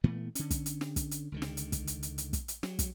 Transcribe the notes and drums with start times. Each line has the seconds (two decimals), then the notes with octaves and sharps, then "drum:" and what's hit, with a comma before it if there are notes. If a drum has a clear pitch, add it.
0.04 A#2 E3 A3 B3
0.35 D3 C#4, drum: hi-hat
0.51 drum: kick, hi-hat
0.66 drum: hi-hat
0.81 drum: snare
0.96 drum: kick, hi-hat
1.11 drum: hi-hat
1.32 C#2 D3 D#3
1.42 drum: snare
1.57 drum: hi-hat
1.72 drum: kick, hi-hat
1.87 drum: hi-hat
2.03 drum: hi-hat
2.18 drum: hi-hat
2.33 drum: kick, hi-hat
2.48 drum: hi-hat
2.63 F#3, drum: snare
2.79 drum: kick, hi-hat